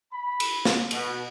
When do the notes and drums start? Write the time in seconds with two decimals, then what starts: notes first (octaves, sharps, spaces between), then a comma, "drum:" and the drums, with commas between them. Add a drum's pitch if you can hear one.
0.12 B5
0.40 drum: cymbal
0.65 drum: snare
0.91 B2, drum: cymbal